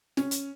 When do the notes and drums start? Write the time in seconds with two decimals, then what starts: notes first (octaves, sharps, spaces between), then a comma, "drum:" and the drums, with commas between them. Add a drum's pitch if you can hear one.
0.17 C#4, drum: snare
0.31 drum: hi-hat